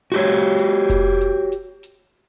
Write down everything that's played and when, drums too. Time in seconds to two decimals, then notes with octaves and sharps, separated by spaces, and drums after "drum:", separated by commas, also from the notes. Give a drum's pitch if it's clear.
0.12 F#4 G4 C#5
0.58 drum: hi-hat
0.90 drum: kick F1, hi-hat
1.21 drum: hi-hat
1.52 drum: hi-hat
1.83 drum: hi-hat